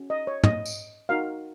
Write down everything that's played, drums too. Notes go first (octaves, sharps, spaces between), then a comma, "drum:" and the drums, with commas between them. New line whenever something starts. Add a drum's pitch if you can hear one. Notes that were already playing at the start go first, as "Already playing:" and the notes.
Already playing: C#4 F#4
D#5
C#5
D#5, drum: tom
drum: tambourine
D#4 F#4 A#4 F5